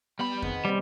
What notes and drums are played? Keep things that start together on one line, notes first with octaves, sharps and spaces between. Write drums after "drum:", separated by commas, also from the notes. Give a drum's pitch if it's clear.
G3 B3 B5
D#3 B3 C4 G#4, drum: kick F2
C3 G3 C4